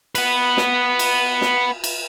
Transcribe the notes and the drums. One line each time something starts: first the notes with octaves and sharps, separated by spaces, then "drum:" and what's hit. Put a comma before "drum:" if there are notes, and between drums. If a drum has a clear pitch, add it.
B3 B4, drum: cymbal
drum: snare
drum: cymbal
drum: snare
drum: cymbal